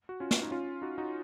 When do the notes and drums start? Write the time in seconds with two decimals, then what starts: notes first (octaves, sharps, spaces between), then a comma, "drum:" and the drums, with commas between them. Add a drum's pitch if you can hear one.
0.09 F#4
0.20 C#4 F4
0.31 drum: snare
0.42 D#4
0.51 C#4 F4
0.82 D#4 F#4
0.98 D#4 F#4